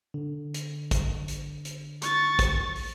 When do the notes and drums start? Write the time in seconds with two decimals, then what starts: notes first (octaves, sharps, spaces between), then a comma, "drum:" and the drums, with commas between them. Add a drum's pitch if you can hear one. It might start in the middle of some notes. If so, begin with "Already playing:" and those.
0.14 D3
0.54 drum: hi-hat
0.91 drum: kick, hi-hat
1.28 drum: hi-hat
1.65 drum: hi-hat
2.02 C#6 A6, drum: hi-hat
2.39 drum: kick, hi-hat
2.76 drum: open hi-hat